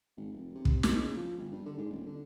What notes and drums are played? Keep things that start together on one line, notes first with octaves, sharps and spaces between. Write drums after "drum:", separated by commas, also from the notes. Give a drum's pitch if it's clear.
G#1
F1
C3
drum: kick
D#3, drum: snare
C#3
F3
G1
G2
D3
G#2
D#1
D3